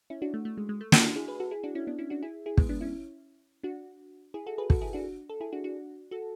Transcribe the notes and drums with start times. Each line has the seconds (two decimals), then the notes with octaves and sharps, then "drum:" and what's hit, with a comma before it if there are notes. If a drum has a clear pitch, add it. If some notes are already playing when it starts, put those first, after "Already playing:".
0.10 C#4 E4
0.22 D4 F#4
0.34 A3
0.45 A3
0.57 G#3
0.69 G#3
0.81 A3
0.92 D4 F#4, drum: snare
1.04 D4 F#4
1.16 E4 G#4
1.28 G#4 B4
1.40 F#4 A4
1.51 E4 G#4
1.63 D4 F#4
1.75 C#4 E4
1.87 B3 D4
1.98 C#4 E4
2.10 D4 F#4
2.23 E4 G#4
2.46 E4 G#4
2.57 G#3 B3, drum: kick
2.69 B3 D4
2.81 C#4 E4
3.63 D4 F#4
4.34 E4 G#4
4.46 F#4 A4
4.58 G#4 B4
4.70 F#4 A4, drum: kick
4.81 E4 G#4
4.93 D4 F#4
5.29 A4
5.40 E4 G#4
5.53 D4 F#4
5.64 D4 F#4
6.11 F#4 A4